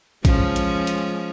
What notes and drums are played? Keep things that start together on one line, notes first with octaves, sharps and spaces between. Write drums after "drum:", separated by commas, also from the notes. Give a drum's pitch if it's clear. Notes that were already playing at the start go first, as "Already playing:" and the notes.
F3 G#3 C#4, drum: kick, hi-hat
drum: hi-hat
drum: hi-hat